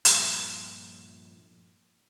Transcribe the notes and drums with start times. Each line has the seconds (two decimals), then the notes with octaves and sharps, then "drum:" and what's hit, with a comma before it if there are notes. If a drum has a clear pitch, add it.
0.05 G2 A#2 F3, drum: hi-hat